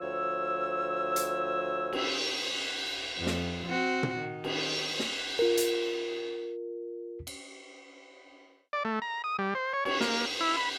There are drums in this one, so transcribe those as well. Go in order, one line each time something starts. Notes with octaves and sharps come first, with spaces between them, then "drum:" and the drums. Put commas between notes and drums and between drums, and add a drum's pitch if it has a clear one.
D2 F3 C#5 E6
drum: hi-hat
drum: cymbal
F2
drum: snare
C4 F#4
drum: tom A#2
D#3
drum: cymbal
drum: snare
F4 A#4
drum: hi-hat
drum: cymbal
D5
A3
A#5
D#6
G3
C5
C#5
C#5, drum: cymbal
A#3, drum: snare
E4
B5